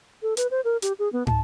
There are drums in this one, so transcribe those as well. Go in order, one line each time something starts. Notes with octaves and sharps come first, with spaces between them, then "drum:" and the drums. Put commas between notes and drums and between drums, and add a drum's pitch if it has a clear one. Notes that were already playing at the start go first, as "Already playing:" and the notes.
A4
B4, drum: hi-hat
C5
A#4
G4, drum: hi-hat
G#4
B3
A5, drum: tom